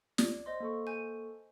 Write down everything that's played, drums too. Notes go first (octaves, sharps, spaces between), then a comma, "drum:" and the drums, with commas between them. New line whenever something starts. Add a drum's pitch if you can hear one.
D5, drum: snare
C5 D#5 C6
A#3 A4 C#6
G#5 G6 D#7